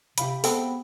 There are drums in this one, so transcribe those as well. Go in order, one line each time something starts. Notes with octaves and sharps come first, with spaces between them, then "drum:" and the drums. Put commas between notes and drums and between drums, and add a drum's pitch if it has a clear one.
C3 G4 F5 B5, drum: hi-hat
G#3 B3 C4 A4, drum: open hi-hat